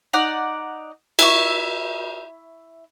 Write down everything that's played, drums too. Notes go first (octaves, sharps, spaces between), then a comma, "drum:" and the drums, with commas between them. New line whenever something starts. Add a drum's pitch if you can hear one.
D#4 D5 F#5
E4 E5 C#6, drum: cymbal